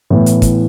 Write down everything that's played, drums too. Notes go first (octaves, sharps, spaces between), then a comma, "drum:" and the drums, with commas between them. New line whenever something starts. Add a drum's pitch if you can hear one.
A2 E3 B3
drum: hi-hat
drum: kick, hi-hat